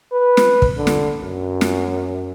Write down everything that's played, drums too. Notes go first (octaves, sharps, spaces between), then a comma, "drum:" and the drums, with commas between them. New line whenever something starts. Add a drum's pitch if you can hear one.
B4
drum: snare
drum: kick
D3
drum: snare
F#2
drum: snare